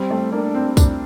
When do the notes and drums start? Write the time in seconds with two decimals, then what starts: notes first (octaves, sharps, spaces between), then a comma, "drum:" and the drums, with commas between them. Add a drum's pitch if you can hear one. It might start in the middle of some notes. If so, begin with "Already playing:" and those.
Already playing: G3 C4
0.10 A3
0.32 A#3 D4
0.55 C4
0.77 D4, drum: kick, tambourine